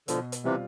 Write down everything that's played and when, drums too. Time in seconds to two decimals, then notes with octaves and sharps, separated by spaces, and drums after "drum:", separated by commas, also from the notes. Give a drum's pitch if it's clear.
0.08 B2 D3 F3, drum: hi-hat
0.32 drum: hi-hat
0.44 C3 E3 G3 C4 F4